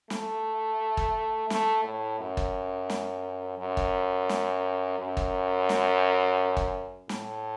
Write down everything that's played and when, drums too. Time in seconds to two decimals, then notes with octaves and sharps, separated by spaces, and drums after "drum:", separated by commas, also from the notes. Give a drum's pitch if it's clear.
0.10 A3, drum: snare
0.97 drum: kick
1.50 A3, drum: snare
1.84 A2
2.20 F#2
2.37 drum: kick
2.90 drum: snare
3.59 F#2
3.77 drum: kick
4.29 drum: snare
4.99 F#2
5.17 drum: kick
5.69 drum: snare
6.57 drum: kick
7.09 A2, drum: snare